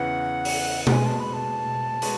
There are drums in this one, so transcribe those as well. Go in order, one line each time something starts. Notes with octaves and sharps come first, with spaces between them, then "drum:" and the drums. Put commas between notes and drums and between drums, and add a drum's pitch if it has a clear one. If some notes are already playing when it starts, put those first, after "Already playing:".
Already playing: E2 C#3 E3 F#5
drum: open hi-hat
F#5, drum: tom B2
B2 G#3 B3 G#5
A5
B5
A5
B2 G#3 B3 F#4, drum: hi-hat